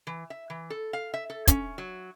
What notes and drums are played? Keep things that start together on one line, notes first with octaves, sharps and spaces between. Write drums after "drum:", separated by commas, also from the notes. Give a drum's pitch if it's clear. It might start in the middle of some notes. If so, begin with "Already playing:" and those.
E3
E5
E3
A4
F5
E5
A4
C#4, drum: kick, hi-hat
F#3